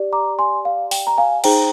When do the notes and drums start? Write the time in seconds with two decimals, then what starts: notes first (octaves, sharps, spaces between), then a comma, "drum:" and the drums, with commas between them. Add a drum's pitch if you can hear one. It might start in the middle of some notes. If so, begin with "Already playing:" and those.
Already playing: G4 D5
0.13 A#5 D6
0.39 G#5 C6
0.65 F5
0.91 G5, drum: open hi-hat
1.07 A#5
1.18 F5 G#5
1.44 D#4 G#4 C5 G5 A#5, drum: cymbal